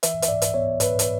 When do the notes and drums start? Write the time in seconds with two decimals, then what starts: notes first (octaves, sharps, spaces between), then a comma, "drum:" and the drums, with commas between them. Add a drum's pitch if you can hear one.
0.03 E3 E5, drum: hi-hat
0.22 E5, drum: hi-hat
0.28 G#2 D5
0.42 drum: hi-hat
0.54 B3 C#5
0.80 G#2 B4, drum: hi-hat
0.99 drum: hi-hat